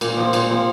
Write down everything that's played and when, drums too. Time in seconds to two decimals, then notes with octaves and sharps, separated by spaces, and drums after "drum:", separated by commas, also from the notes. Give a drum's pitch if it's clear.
0.01 A#2, drum: cymbal
0.17 F3 C4
0.33 A#2, drum: cymbal
0.50 F3 C4